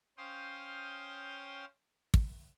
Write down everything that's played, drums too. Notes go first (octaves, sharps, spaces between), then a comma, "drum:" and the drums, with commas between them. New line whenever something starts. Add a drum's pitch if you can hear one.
C#4 C5 F5 G5 C6 D#6
drum: kick